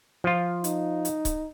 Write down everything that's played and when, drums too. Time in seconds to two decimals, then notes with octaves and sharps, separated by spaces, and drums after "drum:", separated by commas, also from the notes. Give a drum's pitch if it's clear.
0.24 F3 F4
0.64 D#4, drum: hi-hat
1.05 drum: hi-hat
1.25 drum: kick C#1, hi-hat